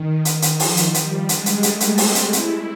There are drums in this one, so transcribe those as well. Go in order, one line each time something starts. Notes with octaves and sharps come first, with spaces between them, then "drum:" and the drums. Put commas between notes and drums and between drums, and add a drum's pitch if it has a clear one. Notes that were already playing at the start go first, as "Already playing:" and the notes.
Already playing: D#3
D#3, drum: hi-hat
drum: hi-hat
F3, drum: open hi-hat
drum: hi-hat
G3, drum: hi-hat
G#3, drum: hi-hat
drum: hi-hat
A3, drum: hi-hat
drum: hi-hat
C4, drum: open hi-hat
drum: hi-hat
E4, drum: hi-hat